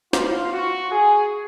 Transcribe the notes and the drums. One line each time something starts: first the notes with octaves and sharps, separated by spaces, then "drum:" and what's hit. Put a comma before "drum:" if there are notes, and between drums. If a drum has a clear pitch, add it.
F4, drum: snare
F#4
G#4